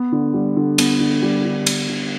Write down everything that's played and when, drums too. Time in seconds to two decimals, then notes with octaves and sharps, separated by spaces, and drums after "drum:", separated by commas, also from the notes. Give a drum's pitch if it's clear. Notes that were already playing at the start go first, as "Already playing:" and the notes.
Already playing: B3
0.12 D3
0.34 G3
0.56 D3
0.78 B3, drum: cymbal
1.00 D3
1.23 G3
1.45 D3
1.66 B3, drum: cymbal
1.89 D3